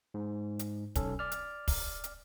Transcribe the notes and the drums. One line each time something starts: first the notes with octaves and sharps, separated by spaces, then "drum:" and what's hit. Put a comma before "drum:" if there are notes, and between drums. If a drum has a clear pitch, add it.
G#2
drum: hi-hat
B1 C#4 A4, drum: kick, hi-hat
D5 F6
drum: hi-hat
drum: kick, open hi-hat
drum: hi-hat